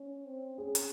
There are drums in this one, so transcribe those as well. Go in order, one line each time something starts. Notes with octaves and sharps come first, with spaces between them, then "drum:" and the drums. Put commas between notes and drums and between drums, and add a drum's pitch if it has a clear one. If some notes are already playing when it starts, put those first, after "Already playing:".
Already playing: C#4
C4
C#4 G#4
drum: hi-hat